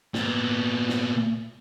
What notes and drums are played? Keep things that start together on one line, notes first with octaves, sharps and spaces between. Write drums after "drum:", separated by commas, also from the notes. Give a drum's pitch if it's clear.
A#2 B3, drum: snare
drum: snare